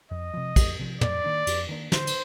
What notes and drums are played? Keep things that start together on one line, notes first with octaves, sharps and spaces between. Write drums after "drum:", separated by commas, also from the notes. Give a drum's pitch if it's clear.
F2 D#5
C3 F3
F2, drum: kick, cymbal
C3 F3
F2 D5, drum: tom
D#3 A#3 D4
F2, drum: cymbal
D#3 A#3 D4
D3 C5, drum: snare
drum: cymbal